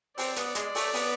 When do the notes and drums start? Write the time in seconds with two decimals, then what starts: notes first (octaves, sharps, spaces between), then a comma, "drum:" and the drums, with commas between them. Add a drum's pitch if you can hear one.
0.18 C4 D5, drum: open hi-hat
0.36 B3, drum: hi-hat
0.55 G#3, drum: hi-hat
0.75 A3, drum: open hi-hat
0.94 B3, drum: open hi-hat